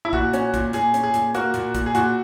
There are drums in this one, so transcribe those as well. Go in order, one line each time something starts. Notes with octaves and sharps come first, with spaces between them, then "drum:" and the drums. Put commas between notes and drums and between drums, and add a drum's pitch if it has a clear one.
E4
A#2 F#4, drum: kick
C#4, drum: hi-hat
A#2, drum: kick, hi-hat
A#2 G#4, drum: hi-hat
C#4, drum: hi-hat
G#4
A#2, drum: hi-hat
A#3 F#4, drum: hi-hat
A#2, drum: hi-hat
A#2, drum: kick, hi-hat
G#4
A#2 F#4, drum: hi-hat